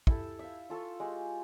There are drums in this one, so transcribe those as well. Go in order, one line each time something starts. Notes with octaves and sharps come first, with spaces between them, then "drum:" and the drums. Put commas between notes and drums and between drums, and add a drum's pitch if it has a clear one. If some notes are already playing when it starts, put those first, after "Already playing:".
E4 G4 A4, drum: kick
E5 F5
F4 A4 C6 C#6
G#3 G4